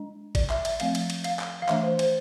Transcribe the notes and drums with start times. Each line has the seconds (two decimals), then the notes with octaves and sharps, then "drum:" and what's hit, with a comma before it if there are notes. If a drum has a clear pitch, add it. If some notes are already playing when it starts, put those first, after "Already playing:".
Already playing: G#3 D4
0.35 D5, drum: kick G#1, cymbal
0.50 E5, drum: clap
0.65 E5, drum: cymbal
0.80 F3 A3 C4 F5, drum: cymbal
0.95 drum: cymbal
1.10 drum: cymbal
1.24 F5, drum: cymbal
1.39 drum: clap
1.62 F5
1.69 E3 A3 D4 E5, drum: clap
1.83 C5
1.99 C5, drum: cymbal